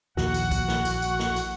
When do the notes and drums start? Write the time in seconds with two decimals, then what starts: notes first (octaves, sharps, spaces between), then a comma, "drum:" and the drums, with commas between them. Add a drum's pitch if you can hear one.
0.17 A#1 D#2 F#4 F#5, drum: snare
0.34 drum: tambourine
0.51 drum: kick, tambourine
0.68 drum: snare
0.85 drum: tambourine
1.02 drum: tambourine
1.19 drum: snare
1.36 drum: tambourine